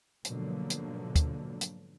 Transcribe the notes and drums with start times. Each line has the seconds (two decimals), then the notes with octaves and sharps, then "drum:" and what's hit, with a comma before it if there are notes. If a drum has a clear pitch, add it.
0.25 G#2 B2 D3 F3 F#3 A#3, drum: hi-hat
0.70 drum: hi-hat
1.16 drum: kick, hi-hat
1.61 drum: hi-hat